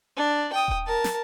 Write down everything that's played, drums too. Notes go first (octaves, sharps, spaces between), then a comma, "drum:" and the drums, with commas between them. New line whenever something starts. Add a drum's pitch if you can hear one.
D4
G5 D#6
drum: kick D#1
A#4 A5
drum: snare